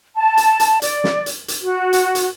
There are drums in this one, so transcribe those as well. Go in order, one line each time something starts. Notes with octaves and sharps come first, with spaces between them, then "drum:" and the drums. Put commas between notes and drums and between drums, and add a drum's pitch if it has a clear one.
A5
drum: hi-hat
drum: hi-hat
D5, drum: hi-hat
drum: snare
drum: hi-hat
drum: hi-hat
F#4
drum: hi-hat
drum: hi-hat